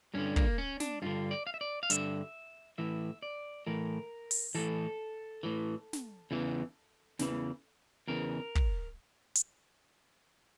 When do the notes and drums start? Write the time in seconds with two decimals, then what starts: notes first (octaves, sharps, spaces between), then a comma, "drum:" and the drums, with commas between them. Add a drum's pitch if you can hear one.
0.14 G2 D3 C#4
0.36 A#3, drum: kick
0.58 C#4
0.80 D4, drum: snare
1.02 G2 D3 F4
1.31 D5
1.47 F5
1.54 E5
1.61 D5
1.83 F5
1.90 G2 D3 E5, drum: hi-hat
2.78 A2 E3 E5
3.22 D5
3.67 A2 E3 A#4
4.31 drum: open hi-hat
4.55 A2 E3 A4
5.43 A2 E3
5.93 drum: snare
6.31 E2 C#3 E3
7.19 E2 C#3 E3, drum: snare
8.08 E2 C#3 E3 A#4
8.55 drum: kick
9.35 drum: hi-hat